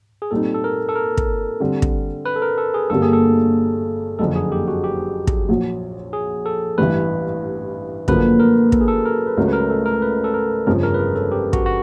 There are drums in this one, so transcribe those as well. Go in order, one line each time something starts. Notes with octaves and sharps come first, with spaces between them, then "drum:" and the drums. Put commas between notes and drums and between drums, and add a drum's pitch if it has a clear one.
G#4
A#2 G3 C4 D#4 A4
A4
A#4
A4
A#4
drum: kick
D3 G3 C4
drum: kick
B4
A4
A#4
A4
G#4
G1 G2 D3 G3 A#3 A4
G#4
A4
F#1 F2 D3 A4
G#4
G4
F#4
G4
drum: kick
A#1 A#2 F#3
G#4
A4
A1 G2 E3 B4
F#2 D3 F3 A#3 B4, drum: kick
A#4
A4, drum: kick
G#4
A4
A#4
B4
C#2 C#3 F#3 A3 C#4 A#4
B4
A#4
A4
A#4
B4
A4
A#4
G1 F2 C#3 F3 G#3 A#4
A#4
B4
A#4
A4
G4
F#4, drum: kick
F#4